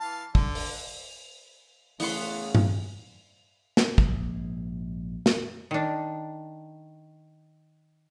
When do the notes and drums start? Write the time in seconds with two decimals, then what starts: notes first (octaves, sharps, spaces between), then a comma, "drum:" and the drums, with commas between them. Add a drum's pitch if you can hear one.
0.01 E3 F5 A5
0.35 D3, drum: kick
0.55 drum: open hi-hat
2.00 C#3 E3 A3 B3 F#5 C6, drum: open hi-hat
2.55 drum: tom G2
3.77 drum: snare
3.98 A#1 G#2, drum: kick
5.26 drum: snare
5.71 D#3 D4